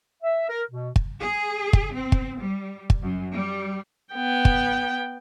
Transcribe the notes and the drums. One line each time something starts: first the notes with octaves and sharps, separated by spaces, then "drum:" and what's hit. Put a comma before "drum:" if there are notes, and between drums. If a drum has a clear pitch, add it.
E5
A#4
B2
drum: kick
G#4
drum: kick
C4
drum: kick
G3
drum: kick
F#2
G3
B3 G5
drum: kick